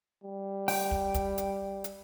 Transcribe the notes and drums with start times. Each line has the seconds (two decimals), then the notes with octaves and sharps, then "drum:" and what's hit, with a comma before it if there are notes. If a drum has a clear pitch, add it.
0.24 G3
0.68 G5, drum: open hi-hat
0.91 drum: kick
1.14 drum: kick, hi-hat
1.38 drum: hi-hat
1.84 drum: hi-hat